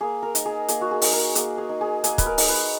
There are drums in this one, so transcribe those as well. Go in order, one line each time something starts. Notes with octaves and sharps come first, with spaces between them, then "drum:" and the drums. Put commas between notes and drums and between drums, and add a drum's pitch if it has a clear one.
A#3 G#4
A#4
D#4, drum: hi-hat
G#4
A#3 G#4, drum: hi-hat
F#4
G#4
D#4, drum: open hi-hat
A#4
A#3 G#4, drum: hi-hat
G#4
D#4
G#4
A#3 G#4, drum: hi-hat
B4, drum: kick, hi-hat
A#4
D#4, drum: open hi-hat
B4